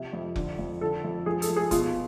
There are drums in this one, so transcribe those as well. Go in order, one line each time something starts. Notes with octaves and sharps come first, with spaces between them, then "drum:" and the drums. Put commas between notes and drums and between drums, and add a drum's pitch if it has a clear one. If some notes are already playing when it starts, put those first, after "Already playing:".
Already playing: C3 F3
F2
D3, drum: kick F1
F2
D3 A4
F2
F3 G#4
A4, drum: hi-hat
F3
G#4
B2 F4, drum: kick F1, hi-hat